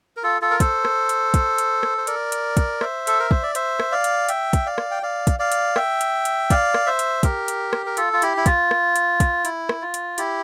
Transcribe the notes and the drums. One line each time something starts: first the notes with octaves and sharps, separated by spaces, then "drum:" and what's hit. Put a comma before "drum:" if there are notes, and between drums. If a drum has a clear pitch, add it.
A#4
F4 A4
F4 A4
A#4
A4 C5, drum: kick, hi-hat
drum: rim click
drum: hi-hat
drum: kick, hi-hat
drum: hi-hat
drum: rim click
C5
A#4 D5, drum: hi-hat
drum: hi-hat
drum: kick, hi-hat
C5 E5, drum: rim click
A4, drum: hi-hat
A#4
C5, drum: kick
D5
C5 E5, drum: hi-hat
drum: rim click
D5 F5
drum: hi-hat
E5 G5, drum: hi-hat
drum: kick, hi-hat
D5 F5
drum: rim click
G5
D5 F5
drum: kick, hi-hat
D5 F5
drum: hi-hat
E5 G5, drum: rim click
drum: hi-hat
drum: hi-hat
D5 F5, drum: kick, hi-hat
drum: rim click
C5 E5
drum: hi-hat
G4 A#4, drum: kick, hi-hat
drum: hi-hat
drum: rim click
A#4
F4 A4, drum: hi-hat
F4
E4 G4, drum: hi-hat
E4
F4, drum: kick, hi-hat
drum: rim click
drum: hi-hat
drum: kick, hi-hat
E4, drum: hi-hat
drum: rim click
F4
drum: hi-hat
E4 G4, drum: hi-hat